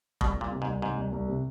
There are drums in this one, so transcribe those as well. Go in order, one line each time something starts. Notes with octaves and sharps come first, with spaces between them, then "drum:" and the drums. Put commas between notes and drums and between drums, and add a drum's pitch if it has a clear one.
C2 B2, drum: kick
C2
A#2
C3
G#2
C2
G#2 C3
C2
C2
C3